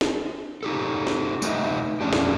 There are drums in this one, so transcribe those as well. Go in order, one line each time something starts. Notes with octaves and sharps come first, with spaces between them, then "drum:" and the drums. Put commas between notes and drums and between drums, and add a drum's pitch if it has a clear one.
drum: snare
D#4 G4 A4
drum: snare
A3 D#4 B4 D#5 E5, drum: tambourine
F2 C#4 D4 G4
drum: snare